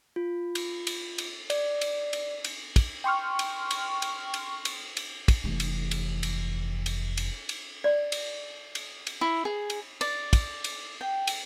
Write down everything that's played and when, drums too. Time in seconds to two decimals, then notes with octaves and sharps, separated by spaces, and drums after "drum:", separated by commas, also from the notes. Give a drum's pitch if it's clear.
0.16 F4
0.55 drum: cymbal
0.87 drum: cymbal
1.18 drum: cymbal
1.50 D5, drum: cymbal
1.81 drum: cymbal
2.13 drum: cymbal
2.44 drum: cymbal
2.76 drum: kick, cymbal
3.04 G5 C6 C#6 F6
3.39 drum: cymbal
3.71 drum: cymbal
4.02 drum: cymbal
4.34 drum: cymbal
4.65 drum: cymbal
4.97 drum: cymbal
5.28 drum: kick, cymbal
5.44 F1 E3
5.60 drum: cymbal
5.91 drum: cymbal
6.23 drum: cymbal
6.86 drum: cymbal
7.17 drum: cymbal
7.49 drum: cymbal
7.84 D5
8.12 drum: cymbal
8.75 drum: cymbal
9.07 drum: cymbal
9.21 E4
9.45 G#4
9.70 drum: cymbal
10.01 D5, drum: cymbal
10.33 drum: kick, cymbal
10.64 drum: cymbal
11.01 G5
11.27 drum: cymbal